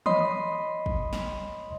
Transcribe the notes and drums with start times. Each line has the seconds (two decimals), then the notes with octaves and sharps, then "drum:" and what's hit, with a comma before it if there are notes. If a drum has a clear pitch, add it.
0.06 C#5 D#5 B5 C6 D#6, drum: tom D#3
0.86 drum: kick
1.13 drum: snare